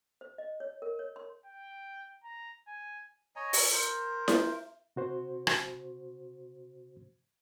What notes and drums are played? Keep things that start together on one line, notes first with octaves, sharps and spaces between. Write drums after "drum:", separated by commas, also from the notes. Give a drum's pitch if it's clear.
C5
D#5
C#5
A#4
C#5
C6
G5
A#5
G#5
C#5 D#5 G#5 A#5
drum: open hi-hat
A#4 C5
drum: snare E4
C3 F#4 C5
drum: rim click